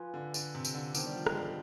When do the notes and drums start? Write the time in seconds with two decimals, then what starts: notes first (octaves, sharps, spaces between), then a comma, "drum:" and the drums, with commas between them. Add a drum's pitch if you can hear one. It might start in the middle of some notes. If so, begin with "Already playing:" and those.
Already playing: F3 F4 B4 F5 G#5
0.14 D3
0.34 D3, drum: tambourine
0.55 C3
0.65 drum: tambourine
0.74 D3
0.95 D#3 B3 D4 G4 C5 G5, drum: tambourine
1.06 G3
1.16 F3
1.26 G#3, drum: rim click
1.36 G3